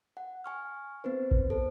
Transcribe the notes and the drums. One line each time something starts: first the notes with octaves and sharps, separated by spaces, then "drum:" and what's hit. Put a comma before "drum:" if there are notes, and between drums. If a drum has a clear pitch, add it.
F#5
G#5 C#6 F6
B3 C4 B4 C5
drum: kick A1
A4 C5